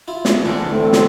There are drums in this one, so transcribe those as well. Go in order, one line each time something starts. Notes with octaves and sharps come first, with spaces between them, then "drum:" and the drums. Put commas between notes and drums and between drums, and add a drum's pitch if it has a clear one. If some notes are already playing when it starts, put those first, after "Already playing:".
E4 F4
drum: snare
D2 D3 E3 D4
A2 A3 C4 A4
drum: snare